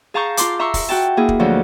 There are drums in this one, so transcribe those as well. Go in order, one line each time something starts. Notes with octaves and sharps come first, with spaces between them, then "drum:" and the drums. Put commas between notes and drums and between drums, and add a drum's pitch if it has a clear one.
G#4 F5 A5 A#5 C#6 G6
F4 C6 D6, drum: hi-hat
E5 A#5 C6 C#6 E6
drum: kick, open hi-hat
F#4 G5 A5
A#3 E4 G#4
drum: kick
D2 F3 F#3